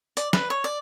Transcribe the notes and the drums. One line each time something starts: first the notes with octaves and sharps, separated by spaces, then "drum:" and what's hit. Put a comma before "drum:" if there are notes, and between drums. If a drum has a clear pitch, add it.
D5, drum: hi-hat
B4, drum: snare
C#5
D5